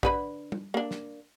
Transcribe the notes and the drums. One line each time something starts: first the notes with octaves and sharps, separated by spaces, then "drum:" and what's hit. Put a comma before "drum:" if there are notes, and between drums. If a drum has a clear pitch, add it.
D3 B4 B5, drum: kick
drum: tom
A#3 D4
drum: snare